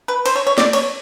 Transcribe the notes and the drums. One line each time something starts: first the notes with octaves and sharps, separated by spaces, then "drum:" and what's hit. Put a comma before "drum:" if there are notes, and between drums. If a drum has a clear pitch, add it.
B4
C5, drum: cymbal
C#5
C#5
D5, drum: snare
C#5, drum: cymbal